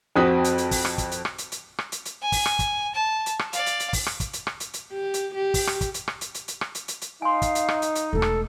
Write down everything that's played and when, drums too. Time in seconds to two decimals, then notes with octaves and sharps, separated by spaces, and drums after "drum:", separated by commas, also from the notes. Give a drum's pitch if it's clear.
0.16 F2 C4 F#4 D#6 B6
0.44 drum: hi-hat
0.58 drum: hi-hat
0.71 drum: kick, open hi-hat
0.85 drum: rim click
0.98 drum: kick, hi-hat
1.11 drum: hi-hat
1.25 drum: rim click
1.38 drum: hi-hat
1.52 drum: hi-hat
1.79 drum: rim click
1.92 drum: hi-hat
2.05 drum: hi-hat
2.22 G#5
2.32 drum: kick, open hi-hat
2.46 drum: rim click
2.59 drum: kick, hi-hat
2.95 A5
3.26 drum: hi-hat
3.39 drum: rim click
3.53 D5 F5, drum: hi-hat
3.66 drum: hi-hat
3.80 drum: hi-hat
3.93 drum: kick, open hi-hat
4.06 drum: rim click
4.20 drum: kick, hi-hat
4.33 drum: hi-hat
4.47 drum: rim click
4.60 drum: hi-hat
4.73 drum: hi-hat
4.92 G4
5.14 drum: hi-hat
5.35 G4
5.54 drum: kick, open hi-hat
5.67 drum: rim click
5.81 drum: kick, hi-hat
5.94 drum: hi-hat
6.08 drum: rim click
6.21 drum: hi-hat
6.34 drum: hi-hat
6.48 drum: hi-hat
6.61 drum: rim click
6.75 drum: hi-hat
6.88 drum: hi-hat
7.01 drum: hi-hat
7.22 D#4 F5 G#5 C6
7.42 drum: kick, hi-hat
7.55 drum: hi-hat
7.68 drum: rim click
7.82 drum: hi-hat
7.95 drum: hi-hat
8.13 E1 A3 A4
8.22 drum: rim click